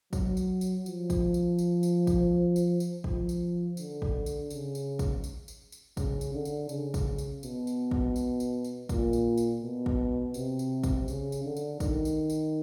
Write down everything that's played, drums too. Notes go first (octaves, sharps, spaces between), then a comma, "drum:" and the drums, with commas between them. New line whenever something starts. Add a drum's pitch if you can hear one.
F#3, drum: kick, tambourine
drum: tambourine
drum: tambourine
F3, drum: tambourine
drum: kick, tambourine
drum: tambourine
drum: tambourine
drum: tambourine
drum: kick, tambourine
drum: tambourine
drum: tambourine
F3, drum: kick
drum: tambourine
D3, drum: tambourine
drum: kick
drum: tambourine
C#3, drum: tambourine
drum: tambourine
drum: kick, tambourine
drum: tambourine
drum: tambourine
drum: tambourine
C#3, drum: kick, tambourine
drum: tambourine
D3
drum: tambourine
C#3, drum: tambourine
drum: kick, tambourine
drum: tambourine
B2, drum: tambourine
drum: tambourine
drum: kick
drum: tambourine
drum: tambourine
drum: tambourine
A#2, drum: kick, tambourine
drum: tambourine
drum: tambourine
B2
drum: kick
C3, drum: tambourine
drum: tambourine
drum: kick, tambourine
C#3, drum: tambourine
drum: tambourine
D3
drum: tambourine
D#3, drum: kick, tambourine
drum: tambourine
drum: tambourine